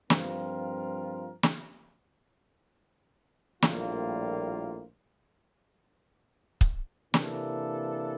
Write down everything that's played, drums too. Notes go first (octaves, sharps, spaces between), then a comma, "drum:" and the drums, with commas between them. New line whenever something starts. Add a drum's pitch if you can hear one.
G2 F3 C4 F4 A#4, drum: snare
drum: snare
A#1 A2 G3 A#3 F4, drum: snare
drum: kick
C3 E3 A#3 D4 A4, drum: snare